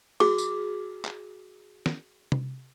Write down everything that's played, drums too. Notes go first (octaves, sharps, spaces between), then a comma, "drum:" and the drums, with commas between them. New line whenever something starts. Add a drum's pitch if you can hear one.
F#4 G#4 D6, drum: cymbal
drum: tambourine
drum: clap
drum: snare
drum: tom C3